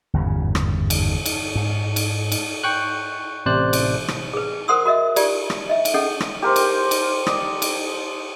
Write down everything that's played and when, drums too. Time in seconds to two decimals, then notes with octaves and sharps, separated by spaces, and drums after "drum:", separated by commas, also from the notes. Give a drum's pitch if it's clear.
0.14 G1 E2 G#2 C#3
0.55 drum: rim click
0.90 drum: cymbal
1.26 drum: cymbal
1.55 G#2
1.96 drum: cymbal
2.32 drum: cymbal
2.64 G5 C#6 F#6
3.46 A1 C3 C5 D5 F#6
3.73 drum: cymbal
4.08 drum: rim click
4.33 G#4 B4
4.68 A#4 C5 F#5 C6 D#6 E6
4.85 F#4 A#4 D#5 E5
5.16 F4 G4 D5, drum: cymbal
5.50 drum: rim click
5.69 D#5 E5
5.85 drum: cymbal
5.94 C#4 G#4 A4 D#5 F#5
6.20 drum: rim click
6.42 G4 A#4 C5
6.56 drum: cymbal
6.91 drum: cymbal
7.27 D5 D#5, drum: rim click
7.62 drum: cymbal